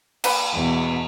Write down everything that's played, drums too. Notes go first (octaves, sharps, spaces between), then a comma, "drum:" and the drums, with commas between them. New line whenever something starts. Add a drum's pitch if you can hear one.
A#3 B4 G5, drum: cymbal
E2 B2